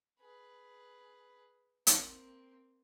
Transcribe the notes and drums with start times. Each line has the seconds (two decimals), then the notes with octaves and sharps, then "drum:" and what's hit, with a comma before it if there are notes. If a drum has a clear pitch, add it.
0.20 G#4 B4
1.87 A#3 C4, drum: hi-hat